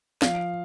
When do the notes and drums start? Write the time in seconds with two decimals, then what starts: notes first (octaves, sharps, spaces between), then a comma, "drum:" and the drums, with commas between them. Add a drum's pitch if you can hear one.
0.22 F3 F5, drum: snare